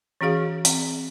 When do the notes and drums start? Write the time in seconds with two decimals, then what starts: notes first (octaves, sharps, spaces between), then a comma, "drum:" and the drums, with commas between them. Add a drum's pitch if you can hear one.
0.21 E3 C#4 F#4 G#4 F5
0.65 C4, drum: hi-hat